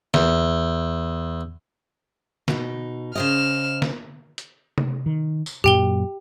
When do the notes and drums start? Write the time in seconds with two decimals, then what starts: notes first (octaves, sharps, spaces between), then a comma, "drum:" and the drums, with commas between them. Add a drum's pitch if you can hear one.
0.14 E2, drum: snare
2.48 B2 D#4, drum: snare
3.15 C#3 C5 D#5 F6 E7
3.82 drum: snare
4.38 drum: hi-hat
4.78 drum: tom C3
5.06 D#3
5.46 drum: tambourine
5.64 F#2 A#2 F#3 G4 G5 G7